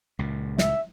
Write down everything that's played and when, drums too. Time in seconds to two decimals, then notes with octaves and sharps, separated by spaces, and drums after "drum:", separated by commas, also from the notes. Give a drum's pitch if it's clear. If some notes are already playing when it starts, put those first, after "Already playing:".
0.19 C#2 A#2
0.58 E5, drum: snare